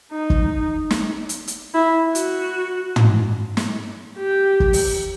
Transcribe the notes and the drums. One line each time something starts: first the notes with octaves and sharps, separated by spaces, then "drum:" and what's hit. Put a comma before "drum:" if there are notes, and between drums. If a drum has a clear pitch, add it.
D#4
drum: kick
drum: snare
drum: hi-hat
drum: hi-hat
E4
F#4, drum: hi-hat
drum: tom
drum: snare
G4
drum: kick
drum: open hi-hat